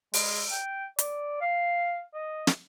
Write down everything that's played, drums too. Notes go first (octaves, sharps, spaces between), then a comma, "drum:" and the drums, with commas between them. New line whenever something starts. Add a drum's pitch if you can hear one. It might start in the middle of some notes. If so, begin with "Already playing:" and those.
G#3, drum: open hi-hat
G5
D5, drum: hi-hat
F5
D#5
drum: snare